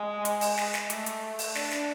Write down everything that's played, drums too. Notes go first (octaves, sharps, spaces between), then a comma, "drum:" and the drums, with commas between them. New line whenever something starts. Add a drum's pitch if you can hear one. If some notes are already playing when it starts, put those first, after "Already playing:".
Already playing: G#3
drum: hi-hat
drum: open hi-hat
drum: snare
drum: snare
A3, drum: hi-hat
drum: hi-hat
drum: open hi-hat
D4, drum: snare
drum: snare